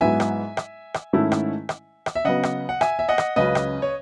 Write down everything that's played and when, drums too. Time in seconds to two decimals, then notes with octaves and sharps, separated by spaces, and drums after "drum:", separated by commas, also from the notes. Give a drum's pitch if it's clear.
0.01 G#2 F#3 B3 E4 E5 G#5
0.20 drum: rim click
0.57 drum: rim click
0.94 drum: rim click
1.13 G#2 D#3 A3 C#4 E4
1.32 drum: rim click
1.69 drum: rim click
2.06 drum: rim click
2.15 E5
2.25 C#3 F#3 B3 D#5 F#5
2.43 drum: rim click
2.69 F#5
2.81 E5 G#5, drum: rim click
2.99 E5
3.09 D#5 F#5
3.18 drum: rim click
3.36 C#2 C#3 F#3 C#4 B4 D#5
3.55 drum: rim click
3.82 C#5